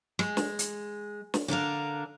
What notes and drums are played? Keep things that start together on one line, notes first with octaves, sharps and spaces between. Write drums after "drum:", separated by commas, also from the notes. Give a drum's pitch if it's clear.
G#3, drum: rim click
drum: snare
drum: hi-hat
drum: snare
D3 D4 A#4 F5